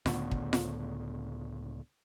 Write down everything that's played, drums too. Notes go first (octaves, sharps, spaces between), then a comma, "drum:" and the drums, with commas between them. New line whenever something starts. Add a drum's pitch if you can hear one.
C#2 A2 D3 B3, drum: snare F4
drum: kick
drum: snare F4